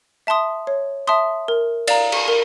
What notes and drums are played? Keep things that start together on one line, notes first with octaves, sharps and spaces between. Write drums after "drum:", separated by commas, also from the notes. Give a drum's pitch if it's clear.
E5 A5 C6 D#6
C#5
E5 A5 C6 D#6
A#4
D5 F5 A#5, drum: cymbal
drum: cymbal
A#4